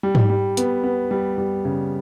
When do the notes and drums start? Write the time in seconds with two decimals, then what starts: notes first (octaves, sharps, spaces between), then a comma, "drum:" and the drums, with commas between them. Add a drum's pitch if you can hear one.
0.03 G3
0.15 drum: tom G#2
0.30 G3
0.57 B3, drum: hi-hat
0.84 B3
1.11 G3
1.38 G3
1.65 C#3